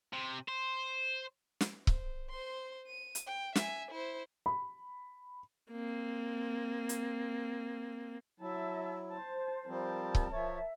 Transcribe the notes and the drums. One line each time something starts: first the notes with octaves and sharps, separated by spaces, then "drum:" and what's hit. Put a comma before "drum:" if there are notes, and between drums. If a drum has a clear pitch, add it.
C3
C5
drum: snare
C5, drum: kick C#1
C5 C6
D#7
drum: hi-hat
G5
E5 G#5, drum: snare
E4 C5
B5
A#3 C4
drum: hi-hat
F#3 E4 E5 A5
C5 A5
F3 G3 C4 A#4 A5
drum: kick C#1
F3 C#5 E5